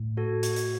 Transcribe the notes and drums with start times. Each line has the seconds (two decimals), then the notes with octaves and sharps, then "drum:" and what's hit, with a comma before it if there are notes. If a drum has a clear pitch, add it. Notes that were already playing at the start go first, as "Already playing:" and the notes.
Already playing: A2
0.17 F#4 A4
0.43 F#4, drum: hi-hat
0.56 drum: hi-hat